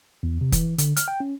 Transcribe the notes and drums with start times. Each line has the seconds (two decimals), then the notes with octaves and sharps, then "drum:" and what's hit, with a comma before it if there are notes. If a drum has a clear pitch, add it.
0.23 E2
0.41 C3
0.52 E3, drum: kick F1, hi-hat
0.78 D3, drum: hi-hat
0.96 F6, drum: hi-hat
1.08 G5
1.20 C#4